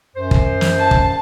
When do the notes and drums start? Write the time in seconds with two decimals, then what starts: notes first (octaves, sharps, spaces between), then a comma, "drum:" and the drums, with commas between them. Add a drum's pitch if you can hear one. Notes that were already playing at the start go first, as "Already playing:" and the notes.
0.16 F#2 C5
0.31 drum: kick
0.61 drum: snare
0.79 A5
0.91 drum: kick